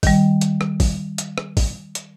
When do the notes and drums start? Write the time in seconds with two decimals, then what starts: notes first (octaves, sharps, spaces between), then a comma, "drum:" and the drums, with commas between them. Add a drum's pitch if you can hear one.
0.03 D#3 G3, drum: kick, open hi-hat
0.41 drum: hi-hat
0.61 drum: rim click
0.80 drum: kick, open hi-hat
1.18 drum: hi-hat
1.38 drum: rim click
1.57 drum: kick, open hi-hat
1.95 drum: hi-hat